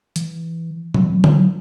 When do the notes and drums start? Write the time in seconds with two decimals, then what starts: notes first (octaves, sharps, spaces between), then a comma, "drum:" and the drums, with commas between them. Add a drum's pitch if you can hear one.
0.16 E3, drum: hi-hat
0.94 F#3, drum: tom B2
1.04 E3
1.14 F#3
1.24 E3, drum: tom D3
1.34 F#3